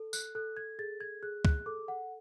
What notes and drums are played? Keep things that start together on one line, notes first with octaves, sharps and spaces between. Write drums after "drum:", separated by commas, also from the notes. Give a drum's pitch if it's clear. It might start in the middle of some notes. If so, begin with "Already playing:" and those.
Already playing: A4
F#6, drum: tambourine
A4 F#6
G#6
G#4 A6
G#6
G#4 F#6
F#6, drum: kick
A4 D6
F#5